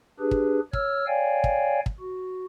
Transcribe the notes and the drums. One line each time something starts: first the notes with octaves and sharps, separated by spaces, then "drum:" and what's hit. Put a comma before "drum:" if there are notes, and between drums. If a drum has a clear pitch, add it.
D4 G4 G#4 B4
drum: kick
C#5 E6 F6, drum: kick
C#5 D5 F5 G5 G#5
drum: kick
drum: kick
F#4